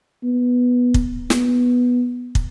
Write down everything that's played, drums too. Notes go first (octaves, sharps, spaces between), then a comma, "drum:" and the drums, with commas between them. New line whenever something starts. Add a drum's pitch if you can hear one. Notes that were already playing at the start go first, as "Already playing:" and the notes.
B3
drum: kick
B3, drum: snare
drum: kick